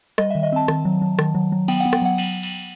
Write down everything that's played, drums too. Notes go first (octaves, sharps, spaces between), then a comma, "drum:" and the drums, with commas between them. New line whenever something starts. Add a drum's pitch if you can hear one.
G3 D#5, drum: rim click
D#3 E5
D#5
C4 A5
D#3, drum: rim click
F#3
F#3
D#3, drum: rim click
F#3
F#3
B3 G5, drum: cymbal
F#5
B3
G5, drum: rim click
F#3 F#5
drum: cymbal
drum: cymbal